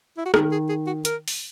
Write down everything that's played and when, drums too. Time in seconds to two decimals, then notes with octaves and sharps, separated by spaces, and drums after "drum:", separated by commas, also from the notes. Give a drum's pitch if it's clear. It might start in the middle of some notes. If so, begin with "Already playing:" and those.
0.17 E4
0.26 F#4
0.34 D#3 G#4, drum: rim click
0.52 G#4
0.69 G#4
0.87 F#4
1.05 A#4, drum: hi-hat
1.28 drum: open hi-hat